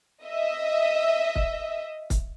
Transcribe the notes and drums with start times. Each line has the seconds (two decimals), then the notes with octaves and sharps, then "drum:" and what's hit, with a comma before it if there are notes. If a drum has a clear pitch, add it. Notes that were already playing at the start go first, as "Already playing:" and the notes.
0.24 D#5 E5
1.36 drum: kick
2.10 drum: kick, hi-hat